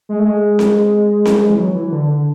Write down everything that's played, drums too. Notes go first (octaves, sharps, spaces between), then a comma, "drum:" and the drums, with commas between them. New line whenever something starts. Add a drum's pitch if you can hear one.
G#3
A3
G#3
drum: snare C4
drum: snare C4
E3
F#3
E3
D3
D3